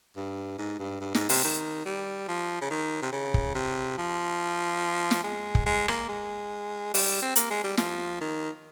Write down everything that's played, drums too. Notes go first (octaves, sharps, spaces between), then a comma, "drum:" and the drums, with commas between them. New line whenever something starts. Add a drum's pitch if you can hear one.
G2
G#2
G2
G2
G#2, drum: snare
C3, drum: open hi-hat
D#3
G3
F3
C#3
D#3
C3
C#3
drum: kick
C3
F3
drum: snare
G#3
drum: kick
G#3
A#3, drum: rim click
G#3
G3, drum: open hi-hat
C4
A#3, drum: hi-hat
G#3
G3
F3, drum: snare
D#3